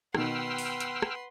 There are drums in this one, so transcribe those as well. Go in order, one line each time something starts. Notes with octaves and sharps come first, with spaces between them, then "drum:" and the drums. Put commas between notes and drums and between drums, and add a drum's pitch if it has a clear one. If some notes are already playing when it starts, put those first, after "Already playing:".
B2 D#3 B4 F#5 G5 C6 E6 F6, drum: rim click
drum: open hi-hat
drum: hi-hat
drum: rim click